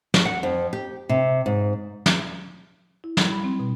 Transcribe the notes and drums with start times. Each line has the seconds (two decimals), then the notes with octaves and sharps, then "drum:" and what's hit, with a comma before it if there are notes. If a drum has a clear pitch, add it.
0.14 F#4, drum: snare
0.25 F#5
0.43 F2
0.73 G4
1.09 C3
1.46 G#2
2.06 drum: snare
3.04 E4
3.17 G3, drum: snare
3.31 B5
3.44 C4
3.60 B2